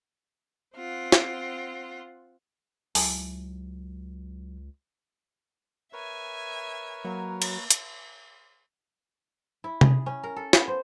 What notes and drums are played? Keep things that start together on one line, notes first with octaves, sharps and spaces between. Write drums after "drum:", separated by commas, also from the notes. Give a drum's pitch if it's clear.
C4 F4 F#5
drum: snare
C#2 F#3 E4 G#4 A4, drum: open hi-hat
A#4 B4 C#5 E5 G#5
F#3 A#3
drum: cymbal
drum: hi-hat
E4
G#4, drum: tom C3
C#4
A#4
A4
B3, drum: snare
C5